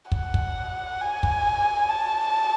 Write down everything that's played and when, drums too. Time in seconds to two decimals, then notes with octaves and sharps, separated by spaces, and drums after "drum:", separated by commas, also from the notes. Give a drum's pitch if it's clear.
0.12 F#5, drum: kick
0.34 drum: kick
1.01 G#5
1.23 drum: kick
1.89 A5